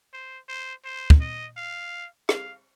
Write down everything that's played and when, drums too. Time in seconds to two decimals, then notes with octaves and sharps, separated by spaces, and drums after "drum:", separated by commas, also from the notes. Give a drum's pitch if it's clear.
0.13 C5
0.49 C5
0.85 C5
1.10 drum: kick
1.21 D#5
1.57 F5
2.29 F5, drum: rim click